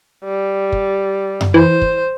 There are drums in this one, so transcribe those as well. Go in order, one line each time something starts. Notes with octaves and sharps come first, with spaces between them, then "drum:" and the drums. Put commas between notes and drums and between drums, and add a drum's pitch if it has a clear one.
G3
drum: kick
drum: tom F#2
E3 C5
drum: kick